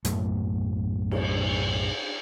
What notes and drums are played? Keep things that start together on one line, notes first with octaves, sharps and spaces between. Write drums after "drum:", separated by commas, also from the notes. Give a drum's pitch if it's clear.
B1 F#2 A2 A3, drum: hi-hat
drum: cymbal